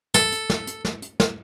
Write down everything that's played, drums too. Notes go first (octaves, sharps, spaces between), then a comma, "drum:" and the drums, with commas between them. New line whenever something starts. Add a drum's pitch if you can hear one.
A4, drum: snare
drum: hi-hat
drum: snare
drum: hi-hat
drum: snare
drum: hi-hat
drum: snare